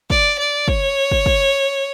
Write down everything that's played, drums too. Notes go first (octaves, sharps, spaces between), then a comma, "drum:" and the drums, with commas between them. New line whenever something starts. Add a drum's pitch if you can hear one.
D5, drum: kick
D5
C#5, drum: kick
drum: kick
drum: kick